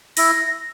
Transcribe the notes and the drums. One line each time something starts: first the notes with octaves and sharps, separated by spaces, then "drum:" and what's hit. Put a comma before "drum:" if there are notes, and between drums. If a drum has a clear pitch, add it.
E4 A#6, drum: open hi-hat